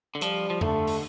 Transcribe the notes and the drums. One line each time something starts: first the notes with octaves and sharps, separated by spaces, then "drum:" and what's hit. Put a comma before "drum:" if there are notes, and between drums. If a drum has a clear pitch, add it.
D3
F3 G3, drum: hi-hat
F3
D3 A3, drum: tom E2
drum: open hi-hat